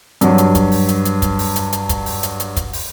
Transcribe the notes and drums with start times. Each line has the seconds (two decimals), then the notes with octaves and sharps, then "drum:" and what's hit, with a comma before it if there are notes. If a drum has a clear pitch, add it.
0.21 G2 F#3, drum: hi-hat
0.38 drum: hi-hat
0.55 drum: kick, hi-hat
0.72 drum: open hi-hat
0.88 drum: hi-hat
1.05 drum: hi-hat
1.22 drum: kick, hi-hat
1.39 drum: open hi-hat
1.56 drum: hi-hat
1.72 drum: hi-hat
1.89 drum: kick, hi-hat
2.06 drum: open hi-hat
2.23 drum: hi-hat
2.40 drum: hi-hat
2.57 drum: kick, hi-hat
2.73 drum: open hi-hat